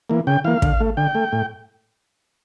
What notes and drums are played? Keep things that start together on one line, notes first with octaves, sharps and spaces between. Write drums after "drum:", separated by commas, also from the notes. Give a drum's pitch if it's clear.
E3 A#3
C#3 G5
E3 A#3 F5
D3, drum: kick
A3
D3 G5
A3
A2